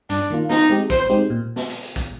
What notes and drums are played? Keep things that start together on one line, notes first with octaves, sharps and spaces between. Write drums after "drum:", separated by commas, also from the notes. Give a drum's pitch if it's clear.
G2 D4, drum: hi-hat
D#3 A#3 F4
F3 D#4, drum: snare
G#3 C4 D#4 G4
F3 C5, drum: kick, hi-hat
G#3 C4 D#4 G4
A#2
drum: snare
drum: hi-hat
drum: hi-hat
drum: kick, hi-hat